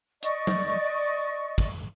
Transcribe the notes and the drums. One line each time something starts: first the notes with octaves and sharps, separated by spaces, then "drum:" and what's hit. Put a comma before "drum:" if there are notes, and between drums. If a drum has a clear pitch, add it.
D5 D#5 C#6, drum: hi-hat
drum: tom
drum: kick